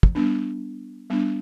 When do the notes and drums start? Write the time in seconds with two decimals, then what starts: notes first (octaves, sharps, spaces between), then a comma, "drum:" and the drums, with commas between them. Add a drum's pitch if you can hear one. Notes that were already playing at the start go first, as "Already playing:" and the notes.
0.03 drum: kick
0.15 G3 B3 D4
1.10 G3 B3 D4